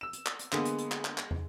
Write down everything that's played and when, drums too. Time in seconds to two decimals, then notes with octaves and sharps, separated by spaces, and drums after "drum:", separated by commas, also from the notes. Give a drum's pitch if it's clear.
0.01 E6 E7
0.13 drum: hi-hat
0.26 drum: clap
0.39 drum: hi-hat
0.52 D3 G#3 A#3 B3 G#4, drum: clap
0.65 drum: hi-hat
0.79 drum: hi-hat
0.92 drum: clap
1.05 drum: clap
1.18 drum: clap
1.31 drum: tom